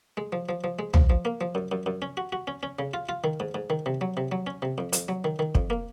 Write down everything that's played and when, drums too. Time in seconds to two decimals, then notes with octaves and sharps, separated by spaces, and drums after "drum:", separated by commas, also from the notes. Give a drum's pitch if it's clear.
0.17 G#3
0.33 F3
0.49 F3
0.64 F3
0.79 G#3
0.94 F3, drum: tom
1.10 F3
1.25 A#3
1.41 F3
1.55 F#2
1.72 F#2
1.86 F#2
2.02 C#4
2.17 F#4
2.32 F#4
2.47 C#4
2.63 C#4
2.79 C#3
2.94 F4
3.09 F4
3.24 D#3
3.40 G#2
3.55 G#2
3.70 D#3
3.86 C3
4.01 F#3
4.17 C3
4.32 F#3
4.47 C#4
4.62 C3
4.78 F2
4.93 F2, drum: hi-hat
5.09 F#3
5.24 D#3
5.39 D#3
5.55 F2, drum: kick
5.70 A#3